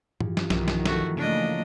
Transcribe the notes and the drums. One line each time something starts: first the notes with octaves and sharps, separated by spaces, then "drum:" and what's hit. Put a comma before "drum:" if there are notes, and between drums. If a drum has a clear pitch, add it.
G2 E3 F3, drum: tom
drum: snare
B1 D#3, drum: snare
drum: snare
A3 F#4, drum: snare
C#3 F3 A3 A#3 D4 D#5 F#5 A#5